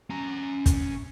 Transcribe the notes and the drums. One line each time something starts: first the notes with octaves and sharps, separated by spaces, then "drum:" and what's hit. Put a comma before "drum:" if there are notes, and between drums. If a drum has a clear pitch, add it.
C#4 A#5
drum: kick, hi-hat